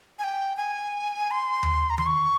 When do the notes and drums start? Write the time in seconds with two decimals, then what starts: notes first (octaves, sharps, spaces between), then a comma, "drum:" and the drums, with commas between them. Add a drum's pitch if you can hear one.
0.19 G#5
0.24 G5
0.57 G#5
1.31 C6
1.63 drum: tom D#2
1.90 A#5
1.98 C6, drum: tom D#3
2.06 C#6